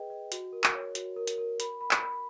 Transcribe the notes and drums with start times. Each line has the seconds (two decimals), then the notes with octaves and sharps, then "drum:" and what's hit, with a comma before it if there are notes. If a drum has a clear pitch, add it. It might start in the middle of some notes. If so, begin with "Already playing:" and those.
Already playing: G#4 B4 D#5 G5
0.10 D#5
0.32 F#4, drum: hi-hat
0.53 A#4
0.64 drum: clap
0.74 C#5
0.95 F#4, drum: hi-hat
1.16 A#4
1.27 drum: hi-hat
1.38 A#4
1.60 B5, drum: hi-hat
1.81 B5
1.91 drum: clap
2.02 B5